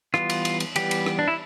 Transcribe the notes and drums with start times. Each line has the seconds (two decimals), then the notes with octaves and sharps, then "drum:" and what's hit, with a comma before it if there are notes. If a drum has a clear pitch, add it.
0.14 E3 G3 B3 F4, drum: rim click
0.30 drum: cymbal
0.45 drum: cymbal
0.60 drum: cymbal
0.76 E3 G3 B3 G4, drum: cymbal
0.91 drum: cymbal
1.06 drum: rim click
1.19 D4
1.28 E4